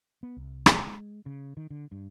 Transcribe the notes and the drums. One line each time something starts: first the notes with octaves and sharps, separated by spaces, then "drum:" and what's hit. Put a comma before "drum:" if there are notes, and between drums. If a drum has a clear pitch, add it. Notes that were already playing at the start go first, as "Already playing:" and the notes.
B3
C2
G#3, drum: rim click
C#3
D#3
D3
G2